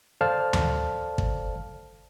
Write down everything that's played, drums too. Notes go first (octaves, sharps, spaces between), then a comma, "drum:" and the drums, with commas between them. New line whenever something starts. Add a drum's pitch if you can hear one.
A4 C5 D5 F5 A5 F6
drum: tom D2
drum: kick